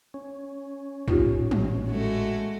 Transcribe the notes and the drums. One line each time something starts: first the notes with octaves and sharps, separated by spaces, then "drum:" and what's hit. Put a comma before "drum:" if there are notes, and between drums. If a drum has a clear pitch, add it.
C#4
A1 A#2 D#4 F4 G4, drum: tom
drum: tom
G#3 A3 F#4